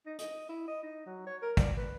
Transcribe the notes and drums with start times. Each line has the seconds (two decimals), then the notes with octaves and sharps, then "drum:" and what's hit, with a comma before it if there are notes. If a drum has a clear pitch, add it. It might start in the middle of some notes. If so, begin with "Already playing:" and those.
0.06 D#4
0.19 D#5, drum: hi-hat
0.49 E4
0.68 D#5
0.83 D#4
1.06 F#3
1.27 C#5
1.42 A#4
1.57 D5, drum: kick, hi-hat
1.77 B4